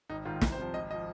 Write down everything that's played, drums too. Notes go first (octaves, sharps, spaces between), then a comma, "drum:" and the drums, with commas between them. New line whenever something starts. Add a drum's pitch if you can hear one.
G#1 D#4
G#2 D#3 F4
C2, drum: snare
C5
C3 F3
G#1 D#5
F3 D#5